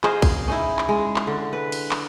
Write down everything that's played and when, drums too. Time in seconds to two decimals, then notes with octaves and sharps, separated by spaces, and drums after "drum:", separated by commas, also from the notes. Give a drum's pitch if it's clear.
0.04 G#4 C5 D#5 F5, drum: clap
0.22 drum: kick, cymbal
0.48 C#4 D#4 E4
0.79 drum: clap
0.89 G#3
1.16 drum: clap
1.27 D3
1.53 B4
1.72 drum: cymbal
1.91 drum: clap